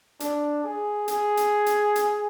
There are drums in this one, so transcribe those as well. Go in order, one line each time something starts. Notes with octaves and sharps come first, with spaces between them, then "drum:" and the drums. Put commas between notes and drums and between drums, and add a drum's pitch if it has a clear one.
D4, drum: hi-hat
G#4
G#4, drum: hi-hat
drum: hi-hat
drum: hi-hat
drum: hi-hat